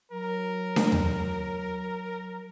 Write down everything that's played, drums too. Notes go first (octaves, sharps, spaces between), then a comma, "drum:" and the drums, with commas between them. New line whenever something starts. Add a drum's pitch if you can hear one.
F#3 A#4
drum: snare D4
drum: tom D#2